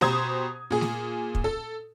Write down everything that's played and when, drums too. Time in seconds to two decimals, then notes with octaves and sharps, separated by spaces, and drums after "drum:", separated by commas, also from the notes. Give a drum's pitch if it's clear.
0.01 B2 G4 C5 A#5 D#6 G#6, drum: snare A3
0.71 A#2 G#4
0.81 drum: snare A3
1.35 drum: kick
1.44 A4